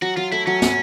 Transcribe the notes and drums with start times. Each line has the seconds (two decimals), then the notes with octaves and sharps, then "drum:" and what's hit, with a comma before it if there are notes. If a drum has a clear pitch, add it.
0.02 F#3 F#4
0.17 F#3 F4
0.32 A3 E4
0.47 F#3 C#4
0.62 F#3, drum: snare